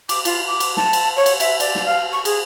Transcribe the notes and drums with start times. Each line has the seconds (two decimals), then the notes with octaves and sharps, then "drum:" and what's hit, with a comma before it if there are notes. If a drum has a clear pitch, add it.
0.09 D6, drum: cymbal
0.25 F4, drum: cymbal
0.47 D6
0.60 drum: cymbal
0.77 A5, drum: snare
0.93 drum: cymbal
1.16 C#5
1.26 drum: cymbal
1.40 E5, drum: cymbal
1.60 D5, drum: cymbal
1.75 drum: snare
1.86 F5
2.12 C#6
2.25 G#4, drum: cymbal